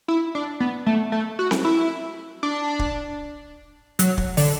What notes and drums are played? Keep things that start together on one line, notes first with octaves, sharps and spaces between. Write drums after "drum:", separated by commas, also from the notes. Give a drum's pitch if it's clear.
E4
D4
B3
A3
A3
F#4
drum: snare C4
E4
D4
drum: kick
F#3, drum: hi-hat
drum: kick
D3, drum: open hi-hat